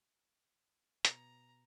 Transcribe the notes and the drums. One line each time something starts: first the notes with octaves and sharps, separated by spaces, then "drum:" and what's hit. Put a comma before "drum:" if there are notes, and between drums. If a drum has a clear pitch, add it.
B2 A#5, drum: hi-hat